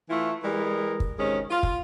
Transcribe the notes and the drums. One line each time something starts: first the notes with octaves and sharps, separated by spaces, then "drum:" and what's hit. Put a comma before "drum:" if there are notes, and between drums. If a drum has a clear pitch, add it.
E3 A3 E4 F4
E3 G3 G#3 A#4
drum: kick
C3 D#3 G#3 C#4
F4
drum: kick